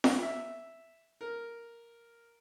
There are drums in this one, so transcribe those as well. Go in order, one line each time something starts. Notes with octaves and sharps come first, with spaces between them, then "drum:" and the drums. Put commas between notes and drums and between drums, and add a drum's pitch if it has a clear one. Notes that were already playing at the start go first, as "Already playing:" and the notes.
drum: snare
E5
A#4